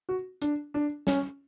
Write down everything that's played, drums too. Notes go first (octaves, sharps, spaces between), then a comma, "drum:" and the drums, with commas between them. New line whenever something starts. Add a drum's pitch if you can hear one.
F#4
D4, drum: hi-hat
D4
C#4, drum: snare